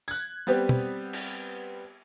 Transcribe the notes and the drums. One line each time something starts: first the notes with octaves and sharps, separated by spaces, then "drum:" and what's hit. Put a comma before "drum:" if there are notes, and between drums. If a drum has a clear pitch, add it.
F#6 G#6, drum: tambourine
G3 B3 C4 G4
drum: tom
drum: cymbal